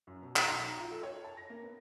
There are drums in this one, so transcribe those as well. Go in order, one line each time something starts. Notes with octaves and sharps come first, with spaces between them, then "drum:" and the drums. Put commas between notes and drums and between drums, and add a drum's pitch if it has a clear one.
F#2
B2
G6, drum: clap
B1
A#5
F4
A4
C#5
A5
A#6
A#3
B3